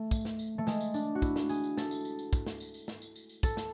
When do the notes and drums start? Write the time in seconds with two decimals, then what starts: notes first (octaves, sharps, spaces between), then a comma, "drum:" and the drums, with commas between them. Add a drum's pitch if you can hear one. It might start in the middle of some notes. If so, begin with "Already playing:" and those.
Already playing: A3
0.11 drum: kick, tambourine
0.25 drum: snare
0.39 drum: tambourine
0.58 A3
0.67 G#3, drum: snare
0.81 drum: tambourine
0.94 D4, drum: tambourine
1.15 F#4
1.22 E4, drum: kick, tambourine
1.36 drum: snare
1.49 G#4, drum: tambourine
1.63 drum: tambourine
1.77 A4, drum: snare
1.91 drum: tambourine
2.05 drum: tambourine
2.19 drum: tambourine
2.33 drum: kick, tambourine
2.46 drum: snare
2.60 drum: tambourine
2.74 drum: tambourine
2.88 drum: snare
3.02 drum: tambourine
3.16 drum: tambourine
3.29 drum: tambourine
3.43 A4, drum: kick, tambourine
3.57 drum: snare